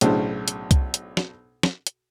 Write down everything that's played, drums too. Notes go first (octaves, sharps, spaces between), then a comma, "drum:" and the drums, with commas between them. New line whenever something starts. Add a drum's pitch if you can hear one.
B1 A2 C#3 D4 C5, drum: hi-hat
drum: hi-hat
drum: kick C2, hi-hat
drum: hi-hat
drum: snare
drum: snare
drum: hi-hat